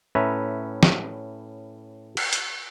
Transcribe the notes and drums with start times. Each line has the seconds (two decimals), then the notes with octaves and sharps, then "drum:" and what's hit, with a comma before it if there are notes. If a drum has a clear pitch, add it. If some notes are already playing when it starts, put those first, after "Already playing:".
0.15 A2 C#4 B4 E5 A#5
0.83 drum: snare
2.17 drum: cymbal
2.33 drum: hi-hat